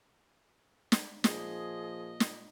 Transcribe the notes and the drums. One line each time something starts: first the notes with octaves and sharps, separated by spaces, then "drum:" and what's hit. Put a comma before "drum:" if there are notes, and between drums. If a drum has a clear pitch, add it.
drum: snare
A#2 F3 G#4 D#5, drum: snare
drum: snare